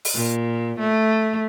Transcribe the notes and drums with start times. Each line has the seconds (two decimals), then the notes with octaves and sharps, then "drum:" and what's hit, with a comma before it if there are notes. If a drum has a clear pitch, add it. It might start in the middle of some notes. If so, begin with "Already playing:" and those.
0.05 drum: open hi-hat
0.14 A#2
0.79 A3